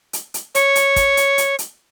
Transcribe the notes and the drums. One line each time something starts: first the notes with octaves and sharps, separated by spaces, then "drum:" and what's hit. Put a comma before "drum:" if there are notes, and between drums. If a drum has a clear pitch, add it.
drum: hi-hat
drum: hi-hat
C#5, drum: hi-hat
drum: hi-hat
drum: kick, hi-hat
drum: hi-hat
drum: hi-hat
drum: hi-hat